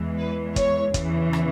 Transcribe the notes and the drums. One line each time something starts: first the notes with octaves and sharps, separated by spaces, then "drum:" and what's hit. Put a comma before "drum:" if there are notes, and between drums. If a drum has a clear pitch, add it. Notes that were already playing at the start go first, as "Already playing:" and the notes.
Already playing: E2 E3 G#3
B4
C#5, drum: kick, hi-hat
E2 C#3 E3, drum: kick, hi-hat
drum: rim click